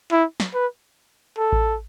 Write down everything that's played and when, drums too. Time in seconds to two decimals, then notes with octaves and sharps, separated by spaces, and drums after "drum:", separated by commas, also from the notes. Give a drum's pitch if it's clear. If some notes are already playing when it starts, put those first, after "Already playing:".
0.11 E4
0.40 drum: snare
0.54 B4
1.38 A4
1.52 drum: kick A1